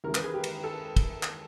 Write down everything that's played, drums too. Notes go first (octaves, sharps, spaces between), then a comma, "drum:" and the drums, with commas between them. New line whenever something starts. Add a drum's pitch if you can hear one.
D#2 C#3 E3 G#3 A#4
B4, drum: clap
G#4
G4
drum: cymbal
A4
drum: kick, cymbal
drum: clap